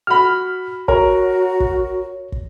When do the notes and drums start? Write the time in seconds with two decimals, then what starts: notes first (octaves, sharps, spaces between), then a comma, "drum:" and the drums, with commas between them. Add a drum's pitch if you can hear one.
0.07 F#4 B5 F6
0.88 F#4 A#4 C#5, drum: kick
1.60 drum: kick
2.32 drum: kick